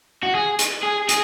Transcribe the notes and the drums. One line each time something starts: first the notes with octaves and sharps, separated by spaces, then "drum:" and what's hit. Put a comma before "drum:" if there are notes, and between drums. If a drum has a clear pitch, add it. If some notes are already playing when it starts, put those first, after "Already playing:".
F#4
G#4
drum: hi-hat
G#4
G#4, drum: hi-hat